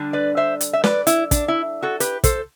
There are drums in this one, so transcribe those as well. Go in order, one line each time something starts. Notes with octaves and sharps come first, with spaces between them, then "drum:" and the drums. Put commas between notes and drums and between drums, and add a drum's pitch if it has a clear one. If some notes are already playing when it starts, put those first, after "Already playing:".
Already playing: D3 G3 D4
B4 D5
C5 E5
drum: hi-hat
E5
B4 D5, drum: snare
E4, drum: hi-hat
D4, drum: kick, hi-hat
E4
F#4 A4
G4 B4, drum: hi-hat
A4 C5, drum: kick, hi-hat